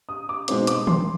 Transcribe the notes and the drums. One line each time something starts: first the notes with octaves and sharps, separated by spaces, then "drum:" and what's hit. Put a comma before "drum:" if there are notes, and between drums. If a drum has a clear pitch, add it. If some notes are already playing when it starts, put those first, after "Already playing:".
D#6
D6
B2 G#3 C4 D#4 D6, drum: hi-hat
D6, drum: hi-hat
C6, drum: tom D#3